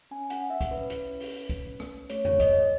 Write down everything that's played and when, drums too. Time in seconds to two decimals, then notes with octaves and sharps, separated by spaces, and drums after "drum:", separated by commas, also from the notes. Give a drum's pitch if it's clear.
0.11 C#4 G#5
0.30 C#4 F#5, drum: hi-hat
0.50 C#4 E5
0.61 drum: kick, hi-hat
0.71 C#4 B4
0.90 E4, drum: hi-hat
1.10 C#4
1.20 drum: open hi-hat
1.30 C#4
1.49 C#4, drum: kick, hi-hat
1.71 C#4
1.80 drum: rim click
1.90 C#4
2.10 A3 C#5, drum: hi-hat
2.25 A3 C#5, drum: tom F2
2.40 D#5, drum: kick, hi-hat
2.50 G#4 D#5